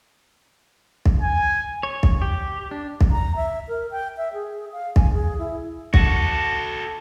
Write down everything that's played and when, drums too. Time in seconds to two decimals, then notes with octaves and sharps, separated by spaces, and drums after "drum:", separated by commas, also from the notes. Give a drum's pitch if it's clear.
1.06 drum: kick
1.22 G#5
1.83 C#5
2.03 drum: kick
2.22 G4
2.71 D4
3.01 drum: kick
3.11 A#5
3.36 E5
3.68 A#4
3.91 G5
4.17 E5
4.33 G#4
4.72 F5
4.96 G#5, drum: kick
5.13 G#4
5.39 E4
5.94 F#4 A4, drum: kick